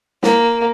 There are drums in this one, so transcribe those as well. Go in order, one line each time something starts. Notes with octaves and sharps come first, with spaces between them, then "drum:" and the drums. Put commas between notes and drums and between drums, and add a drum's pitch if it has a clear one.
A#3, drum: snare